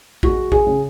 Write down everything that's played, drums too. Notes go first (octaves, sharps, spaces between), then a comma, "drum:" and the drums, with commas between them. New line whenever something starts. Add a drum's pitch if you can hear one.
G#3 F#4, drum: kick A1
G#4, drum: kick A1
C#3